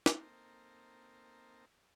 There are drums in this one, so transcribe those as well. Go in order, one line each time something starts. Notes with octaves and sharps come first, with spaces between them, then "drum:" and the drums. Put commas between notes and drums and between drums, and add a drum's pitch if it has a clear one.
A#3 C4 D#4 A4 A#4 C5, drum: snare